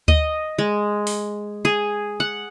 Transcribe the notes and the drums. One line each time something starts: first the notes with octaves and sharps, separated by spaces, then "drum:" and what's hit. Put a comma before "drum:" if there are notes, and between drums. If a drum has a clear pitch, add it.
D#5, drum: kick D2
G#3
drum: open hi-hat
G#4
F#5